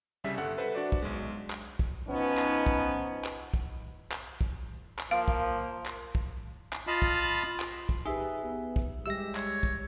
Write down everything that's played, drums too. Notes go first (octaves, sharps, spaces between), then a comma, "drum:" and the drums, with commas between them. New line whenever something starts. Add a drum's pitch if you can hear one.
C2 C#3 G3 E5 B6
G1 A4 F#5
A4 B4 C5 E5 F#5
D4 F#4 D5
drum: kick
B1 G#3
drum: clap
drum: kick
F3 B3 C#4 D#4
drum: clap
drum: kick
drum: clap
drum: kick
drum: clap
drum: kick
drum: clap
F3 A#3 F5
drum: kick
drum: clap
drum: kick
drum: clap
F4 D#5 F5 A5 B5
drum: kick
drum: clap
drum: kick
D#4 G4 G#4 B4 E5
B3
drum: kick
G3 G#3 G4 E5 E6 A#6
C#5, drum: clap
drum: kick